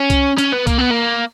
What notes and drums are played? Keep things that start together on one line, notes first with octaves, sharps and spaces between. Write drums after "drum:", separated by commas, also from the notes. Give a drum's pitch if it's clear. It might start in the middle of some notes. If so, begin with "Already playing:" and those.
Already playing: C#4
drum: kick C2, hi-hat
C#4, drum: hi-hat
B3
A#3, drum: kick C2, hi-hat
B3
A#3